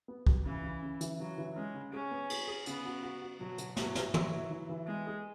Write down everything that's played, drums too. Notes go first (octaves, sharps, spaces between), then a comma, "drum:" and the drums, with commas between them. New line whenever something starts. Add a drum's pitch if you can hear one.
B3
F#4, drum: kick
C#3 E3
C#3
C#3
E3, drum: hi-hat
C#3 F#3
E3
G#3 C#4
C#3
C#4 G#4
B3
G#4, drum: cymbal
G#4
C#3 B3, drum: hi-hat
F#4
F#4
F#4
B2 F#3
B2, drum: hi-hat
F#3 E4, drum: snare
E4, drum: snare
E3 F#3, drum: tom
E4
E3
E3
G#3 B3
G#4